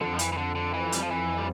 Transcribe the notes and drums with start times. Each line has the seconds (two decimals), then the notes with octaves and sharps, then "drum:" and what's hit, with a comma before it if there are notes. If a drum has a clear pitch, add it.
0.01 F2 D3
0.13 F3
0.19 E3, drum: hi-hat
0.32 E3
0.37 D3
0.55 D3
0.74 E3
0.92 G3, drum: hi-hat
1.02 F3
1.11 E3
1.38 G3